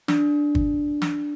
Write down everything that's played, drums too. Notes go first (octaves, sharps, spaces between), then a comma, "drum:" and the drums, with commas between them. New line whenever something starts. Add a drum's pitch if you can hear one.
D4, drum: snare
drum: kick G1
drum: snare